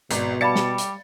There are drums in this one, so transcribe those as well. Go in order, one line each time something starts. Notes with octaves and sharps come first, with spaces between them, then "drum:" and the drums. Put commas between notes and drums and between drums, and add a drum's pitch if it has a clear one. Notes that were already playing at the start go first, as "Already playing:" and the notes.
G#1 B2 D5, drum: hi-hat
G3 D5 F5 A5 B5 A6 C#7
drum: snare
drum: hi-hat